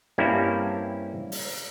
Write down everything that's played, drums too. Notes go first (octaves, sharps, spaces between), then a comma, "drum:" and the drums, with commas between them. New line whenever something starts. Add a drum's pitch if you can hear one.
G2 G3 A#3 C4 C#4 E4
drum: open hi-hat